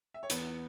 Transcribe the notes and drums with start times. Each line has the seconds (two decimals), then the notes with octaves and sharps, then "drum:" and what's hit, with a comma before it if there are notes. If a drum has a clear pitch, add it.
0.14 E5
0.23 C#5
0.30 E2 B3 B4, drum: hi-hat